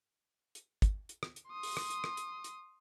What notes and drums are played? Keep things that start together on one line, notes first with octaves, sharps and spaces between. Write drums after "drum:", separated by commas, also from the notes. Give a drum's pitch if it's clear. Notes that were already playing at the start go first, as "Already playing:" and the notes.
drum: hi-hat
drum: kick, hi-hat
drum: hi-hat
drum: rim click
drum: hi-hat
C6 D#6
drum: open hi-hat
drum: rim click
drum: hi-hat
drum: rim click
drum: hi-hat
drum: hi-hat